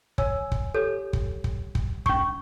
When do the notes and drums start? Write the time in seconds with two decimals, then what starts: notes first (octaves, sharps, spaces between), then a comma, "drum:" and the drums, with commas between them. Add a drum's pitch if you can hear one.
0.18 C#5 G#5 E6, drum: kick
0.52 drum: kick
0.74 G4 A4 C#5 G6
1.13 drum: kick
1.44 drum: kick
1.75 drum: kick
2.06 C#4 C#6, drum: kick